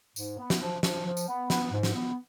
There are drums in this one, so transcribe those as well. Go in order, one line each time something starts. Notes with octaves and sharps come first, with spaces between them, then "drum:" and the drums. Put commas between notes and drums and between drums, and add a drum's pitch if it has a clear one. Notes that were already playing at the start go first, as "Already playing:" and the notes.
G#2, drum: tambourine
B3
drum: snare
F3
F3, drum: snare
F3
drum: tambourine
B3
B3, drum: snare
G#2
drum: snare
B3